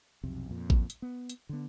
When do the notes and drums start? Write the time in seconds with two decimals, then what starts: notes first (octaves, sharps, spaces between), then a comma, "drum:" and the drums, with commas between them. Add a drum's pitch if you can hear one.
0.23 B1 F2 C3
0.50 F2 A#2
0.70 drum: kick A1
0.90 drum: hi-hat
1.02 B3
1.29 drum: hi-hat
1.49 D3 B3